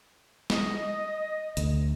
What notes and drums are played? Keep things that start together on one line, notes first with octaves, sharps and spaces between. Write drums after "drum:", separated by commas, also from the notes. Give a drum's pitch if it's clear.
D#5, drum: snare
D2, drum: hi-hat